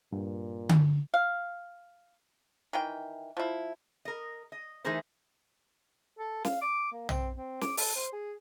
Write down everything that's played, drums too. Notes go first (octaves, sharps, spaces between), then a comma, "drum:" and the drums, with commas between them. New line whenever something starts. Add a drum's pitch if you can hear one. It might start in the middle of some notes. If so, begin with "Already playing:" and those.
G2 A#2
drum: tom D3
F5
D#3 E3 G5
F3 E4
A#4 D#5
D#5
E3 A3 D#4 G#4 A#4 C5
A4
F5, drum: snare
D6
A#3
C4, drum: tom
C4
D6, drum: snare
A4, drum: open hi-hat
C5
G#4